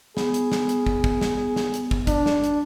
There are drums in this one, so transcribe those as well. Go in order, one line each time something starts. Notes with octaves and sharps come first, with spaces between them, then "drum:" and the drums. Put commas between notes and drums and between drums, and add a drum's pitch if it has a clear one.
B3 G#4, drum: snare
drum: hi-hat
drum: snare
drum: hi-hat
drum: kick
drum: kick
drum: snare
drum: snare
drum: hi-hat
drum: kick
D4, drum: kick, hi-hat
drum: snare
drum: hi-hat